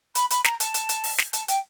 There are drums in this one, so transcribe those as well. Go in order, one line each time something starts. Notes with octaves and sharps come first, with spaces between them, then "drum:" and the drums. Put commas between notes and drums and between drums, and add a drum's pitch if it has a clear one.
B5, drum: hi-hat
B5, drum: hi-hat
A#5, drum: snare
A5, drum: hi-hat
drum: hi-hat
drum: hi-hat
drum: open hi-hat
drum: snare
A5, drum: hi-hat
G5, drum: hi-hat